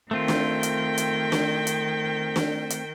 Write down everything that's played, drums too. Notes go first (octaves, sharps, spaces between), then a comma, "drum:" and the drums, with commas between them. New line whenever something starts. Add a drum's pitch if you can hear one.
D#3 A3 C4 F4 G5
drum: snare
drum: hi-hat
drum: hi-hat
drum: snare
drum: hi-hat
drum: snare
drum: hi-hat